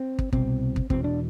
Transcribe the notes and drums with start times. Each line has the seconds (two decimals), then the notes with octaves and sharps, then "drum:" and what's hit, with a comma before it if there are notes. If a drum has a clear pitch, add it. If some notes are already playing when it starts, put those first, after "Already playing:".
Already playing: C4
0.19 drum: kick
0.33 C2 B2 C4, drum: kick
0.76 drum: kick
0.90 E1 E2 B2 C4, drum: kick
1.04 D4